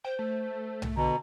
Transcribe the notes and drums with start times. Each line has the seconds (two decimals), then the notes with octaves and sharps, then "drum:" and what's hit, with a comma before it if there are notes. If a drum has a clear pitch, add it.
0.05 C5 G5
0.19 A3
0.82 drum: tom B1
0.97 B2 D3 A#5